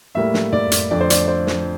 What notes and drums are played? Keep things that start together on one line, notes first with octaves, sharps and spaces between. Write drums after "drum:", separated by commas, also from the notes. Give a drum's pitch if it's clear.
A2 G3 A#3 E5
drum: snare
D5, drum: tom
drum: hi-hat
F2 D3 F3 A3 D5
C5
D5, drum: hi-hat
C5
drum: snare